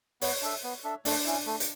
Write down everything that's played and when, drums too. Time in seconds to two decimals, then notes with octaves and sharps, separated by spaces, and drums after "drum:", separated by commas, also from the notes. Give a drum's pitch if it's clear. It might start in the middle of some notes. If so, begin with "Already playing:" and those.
0.21 B3 C#5, drum: open hi-hat
0.42 D4 A4 E5
0.63 B3
0.84 D4 A4 E5
1.05 A3 D4, drum: open hi-hat
1.25 C#4 E4
1.46 A3
1.60 drum: hi-hat